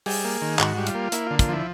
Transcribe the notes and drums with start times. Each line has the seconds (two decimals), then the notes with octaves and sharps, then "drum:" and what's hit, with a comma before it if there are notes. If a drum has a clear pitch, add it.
0.06 G3 G#4, drum: open hi-hat
0.24 A#3
0.42 D#3
0.59 G#2 F#4, drum: clap
0.77 G3
0.87 F4, drum: hi-hat
0.94 A#3
1.12 A#3 E4, drum: hi-hat
1.27 F4
1.31 D3
1.39 F4, drum: kick, hi-hat
1.49 F3 E4